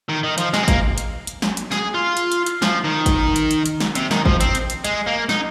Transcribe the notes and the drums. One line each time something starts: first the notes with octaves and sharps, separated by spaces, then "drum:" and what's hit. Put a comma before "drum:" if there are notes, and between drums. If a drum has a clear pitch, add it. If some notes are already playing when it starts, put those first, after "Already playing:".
D#3
D#3
F3, drum: hi-hat
G#3, drum: snare
C4
A#3, drum: kick, hi-hat
drum: hi-hat
drum: hi-hat
drum: snare
drum: hi-hat
G#4, drum: snare
F4
drum: hi-hat
drum: hi-hat
drum: hi-hat
F3, drum: snare
D#3
drum: kick, hi-hat
drum: hi-hat
drum: hi-hat
drum: hi-hat
drum: snare
C3, drum: hi-hat
D#3, drum: snare
F3, drum: kick
C4, drum: hi-hat
drum: hi-hat
drum: hi-hat
G#3, drum: hi-hat
A#3
D#4, drum: snare